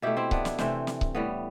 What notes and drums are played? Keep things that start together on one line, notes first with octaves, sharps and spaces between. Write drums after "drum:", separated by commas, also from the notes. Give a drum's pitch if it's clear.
B2 A3 E4 G4
C4 E4
B3 D4, drum: kick C#1
drum: snare
C3 E3 A3 C4, drum: snare
drum: snare
drum: kick C#1
A2 G3 B3